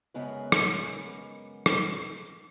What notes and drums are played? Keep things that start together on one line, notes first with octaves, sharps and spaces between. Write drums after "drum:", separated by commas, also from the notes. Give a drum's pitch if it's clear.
F#2 C#3 G#3 B3 A#4 B4
drum: rim click
drum: rim click